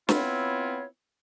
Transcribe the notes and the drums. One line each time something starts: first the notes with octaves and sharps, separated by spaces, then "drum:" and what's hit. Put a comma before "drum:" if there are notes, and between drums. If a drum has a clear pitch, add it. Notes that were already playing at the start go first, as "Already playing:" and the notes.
B3 C4 E4 F4 C#5, drum: snare